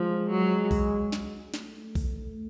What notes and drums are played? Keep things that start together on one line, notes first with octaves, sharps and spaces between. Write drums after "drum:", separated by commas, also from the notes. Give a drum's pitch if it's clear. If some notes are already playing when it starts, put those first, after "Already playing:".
Already playing: F3 G#3
F#3
drum: kick B1, open hi-hat
drum: snare
A3, drum: snare
drum: kick B1, open hi-hat